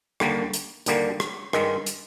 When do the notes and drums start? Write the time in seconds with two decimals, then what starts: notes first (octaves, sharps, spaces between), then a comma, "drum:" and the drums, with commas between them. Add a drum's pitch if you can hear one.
0.20 D#2 D3 G3 A#3, drum: rim click
0.54 drum: hi-hat
0.86 D#2 D3 G3 A#3, drum: hi-hat
1.20 drum: rim click
1.53 G2 D#3 G#3, drum: rim click
1.86 drum: hi-hat